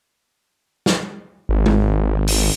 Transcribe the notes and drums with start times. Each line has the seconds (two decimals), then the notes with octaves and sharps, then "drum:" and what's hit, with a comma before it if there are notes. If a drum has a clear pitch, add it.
0.86 drum: snare
1.49 G#1
1.66 drum: tom G#3
2.28 drum: open hi-hat